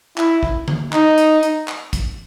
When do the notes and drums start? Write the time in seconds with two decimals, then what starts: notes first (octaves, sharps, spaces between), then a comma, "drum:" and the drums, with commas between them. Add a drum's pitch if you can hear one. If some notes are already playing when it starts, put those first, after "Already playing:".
0.18 E4, drum: clap
0.43 drum: kick
0.68 drum: tom D3
0.93 D#4, drum: clap
1.18 drum: hi-hat
1.43 drum: hi-hat
1.68 drum: clap
1.93 drum: kick, hi-hat